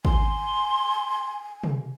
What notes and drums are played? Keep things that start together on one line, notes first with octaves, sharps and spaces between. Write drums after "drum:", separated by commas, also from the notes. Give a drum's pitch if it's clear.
G#5 C6, drum: kick
drum: tom